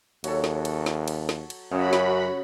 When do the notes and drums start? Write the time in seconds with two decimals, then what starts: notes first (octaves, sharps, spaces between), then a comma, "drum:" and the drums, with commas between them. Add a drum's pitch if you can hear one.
0.24 D#2 F#3 A4, drum: cymbal
0.44 drum: snare
0.65 drum: cymbal
0.86 drum: snare
1.08 drum: cymbal
1.29 drum: snare
1.50 drum: cymbal
1.71 F#2 C#3 F#4 B5
1.93 drum: snare